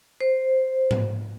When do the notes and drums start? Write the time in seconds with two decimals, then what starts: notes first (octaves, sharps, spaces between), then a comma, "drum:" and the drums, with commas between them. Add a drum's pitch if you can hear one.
0.21 C5
0.91 drum: tom G#2